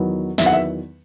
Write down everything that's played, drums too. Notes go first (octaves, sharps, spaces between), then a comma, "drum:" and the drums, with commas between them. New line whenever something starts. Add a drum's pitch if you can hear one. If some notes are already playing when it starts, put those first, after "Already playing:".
Already playing: E2 D#3 F#3 B3
E2 D#3 F#3 B3 E5, drum: snare
F#5
E5